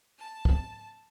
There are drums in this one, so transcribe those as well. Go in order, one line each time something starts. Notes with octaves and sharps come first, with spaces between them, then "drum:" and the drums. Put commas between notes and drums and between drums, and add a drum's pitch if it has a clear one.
A5
drum: kick